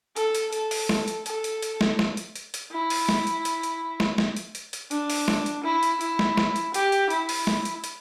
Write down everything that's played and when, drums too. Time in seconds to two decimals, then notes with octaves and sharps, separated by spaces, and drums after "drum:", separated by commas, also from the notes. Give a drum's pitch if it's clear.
0.16 A4, drum: hi-hat
0.35 drum: hi-hat
0.53 A4, drum: hi-hat
0.71 drum: open hi-hat
0.89 drum: snare
1.08 drum: hi-hat
1.26 A4, drum: hi-hat
1.44 drum: hi-hat
1.62 drum: hi-hat
1.81 drum: snare
1.99 drum: snare
2.17 drum: hi-hat
2.36 drum: hi-hat
2.54 drum: hi-hat
2.72 E4
2.90 drum: open hi-hat
3.09 drum: snare
3.27 drum: hi-hat
3.45 drum: hi-hat
3.63 drum: hi-hat
4.00 drum: snare
4.18 drum: snare
4.36 drum: hi-hat
4.55 drum: hi-hat
4.73 drum: hi-hat
4.91 D4, drum: hi-hat
5.10 drum: open hi-hat
5.28 drum: snare
5.46 drum: hi-hat
5.64 E4
5.83 drum: hi-hat
6.01 E4, drum: hi-hat
6.19 drum: snare
6.37 drum: snare
6.56 drum: hi-hat
6.74 G4, drum: hi-hat
6.92 drum: hi-hat
7.10 E4, drum: hi-hat
7.29 drum: open hi-hat
7.47 drum: snare
7.65 drum: hi-hat
7.84 drum: hi-hat